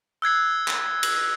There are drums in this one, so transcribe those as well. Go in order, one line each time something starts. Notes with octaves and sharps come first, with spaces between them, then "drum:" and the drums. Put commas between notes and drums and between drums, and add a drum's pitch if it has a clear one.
E6 F#6 G#6 C7
drum: clap
drum: cymbal